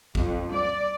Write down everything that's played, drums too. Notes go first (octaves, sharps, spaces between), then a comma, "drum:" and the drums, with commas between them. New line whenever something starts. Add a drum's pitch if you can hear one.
F2, drum: kick G#1
D5